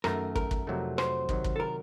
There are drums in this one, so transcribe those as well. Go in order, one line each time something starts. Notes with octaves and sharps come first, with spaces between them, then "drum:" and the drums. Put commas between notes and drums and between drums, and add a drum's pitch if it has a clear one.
F#2 D#3 A3 A#4, drum: rim click
A#4, drum: kick
drum: kick
F2 C3 F#3 A3 D#4
C5, drum: rim click
C3 D#3 F#3, drum: kick
drum: kick
A4
A#4